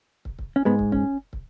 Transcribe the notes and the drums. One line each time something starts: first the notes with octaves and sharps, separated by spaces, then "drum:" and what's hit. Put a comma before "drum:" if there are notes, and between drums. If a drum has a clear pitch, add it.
drum: kick
drum: kick
C#4
G#2 G#3 B3
drum: kick
C#4, drum: kick
drum: kick